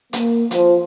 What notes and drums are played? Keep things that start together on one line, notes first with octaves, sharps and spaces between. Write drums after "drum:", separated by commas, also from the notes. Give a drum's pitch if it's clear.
A#3, drum: hi-hat
F3, drum: hi-hat